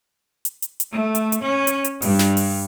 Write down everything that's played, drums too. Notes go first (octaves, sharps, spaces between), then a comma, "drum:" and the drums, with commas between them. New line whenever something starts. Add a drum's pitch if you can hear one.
drum: hi-hat
drum: hi-hat
drum: hi-hat
A3
drum: hi-hat
drum: hi-hat
C#4
drum: hi-hat
drum: hi-hat
G2, drum: open hi-hat
drum: snare
drum: open hi-hat